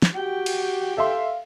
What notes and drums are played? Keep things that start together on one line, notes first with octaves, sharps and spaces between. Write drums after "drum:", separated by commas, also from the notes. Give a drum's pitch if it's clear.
drum: snare
F#4 G4 G5
drum: cymbal
A4 E5 F5 C6